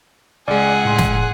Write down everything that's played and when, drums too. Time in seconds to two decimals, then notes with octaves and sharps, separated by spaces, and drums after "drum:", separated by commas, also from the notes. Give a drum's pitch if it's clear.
0.48 C#2 G#3 G#4 D5 F#5
0.85 A2 C6
0.98 drum: snare